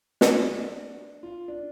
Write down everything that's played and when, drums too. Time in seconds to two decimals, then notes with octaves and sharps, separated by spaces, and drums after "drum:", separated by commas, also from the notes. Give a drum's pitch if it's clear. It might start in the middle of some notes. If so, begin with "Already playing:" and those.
0.21 D4, drum: snare
1.23 F4
1.48 D4